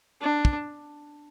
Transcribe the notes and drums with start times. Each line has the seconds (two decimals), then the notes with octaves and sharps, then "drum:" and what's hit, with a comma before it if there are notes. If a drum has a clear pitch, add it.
0.21 D4
0.45 drum: kick